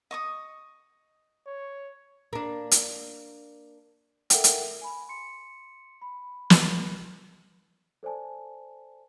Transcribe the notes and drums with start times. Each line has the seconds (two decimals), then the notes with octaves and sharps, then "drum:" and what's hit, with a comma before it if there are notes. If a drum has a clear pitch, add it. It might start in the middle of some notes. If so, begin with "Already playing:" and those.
0.11 D#5 C#6 D#6
1.46 C#5
2.33 A#3 D4
2.71 drum: hi-hat
4.30 A4 A#4 E5 F#5 G5, drum: hi-hat
4.44 drum: hi-hat
4.81 G#5 B5
5.09 C6 C#7
6.01 B5
6.50 drum: snare
8.03 A4 C5 D5 G#5 A5